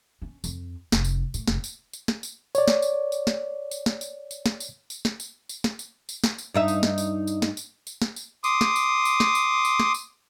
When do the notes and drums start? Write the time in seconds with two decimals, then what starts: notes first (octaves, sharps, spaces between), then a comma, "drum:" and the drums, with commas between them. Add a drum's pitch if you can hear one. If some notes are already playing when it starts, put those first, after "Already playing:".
0.22 C#4
0.44 F2, drum: tambourine
0.92 F1, drum: snare
1.04 drum: tambourine
1.34 A2, drum: tambourine
1.48 F1, drum: snare
1.64 drum: tambourine
1.93 drum: tambourine
2.08 drum: snare
2.23 drum: tambourine
2.55 C#5 D5, drum: tambourine
2.68 drum: snare
2.82 drum: tambourine
3.12 drum: tambourine
3.27 drum: snare
3.71 drum: tambourine
3.86 drum: snare
4.01 drum: tambourine
4.31 drum: tambourine
4.46 drum: snare
4.60 drum: tambourine
4.90 drum: tambourine
5.05 drum: snare
5.20 drum: tambourine
5.49 drum: tambourine
5.64 drum: snare
5.79 drum: tambourine
6.09 drum: tambourine
6.24 drum: snare
6.38 drum: tambourine
6.54 G2 D#4 E5
6.68 drum: tambourine
6.83 drum: snare
6.98 drum: tambourine
7.27 drum: tambourine
7.42 drum: snare
7.57 drum: tambourine
7.87 drum: tambourine
8.02 drum: snare
8.16 drum: tambourine
8.44 C6 D6 D#6, drum: tambourine
8.61 drum: snare
8.76 drum: tambourine
9.05 drum: tambourine
9.20 drum: snare
9.35 drum: tambourine
9.65 drum: tambourine
9.80 drum: snare
9.94 drum: tambourine